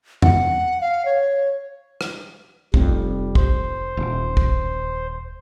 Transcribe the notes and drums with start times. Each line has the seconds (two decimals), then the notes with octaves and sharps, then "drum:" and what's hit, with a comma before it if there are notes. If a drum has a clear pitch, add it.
0.22 F#5, drum: tom E2
0.81 F5
1.05 C#5
2.01 drum: rim click
2.74 F1 F2 G3 C4, drum: kick
3.35 C5, drum: kick
3.97 D#1
4.37 drum: kick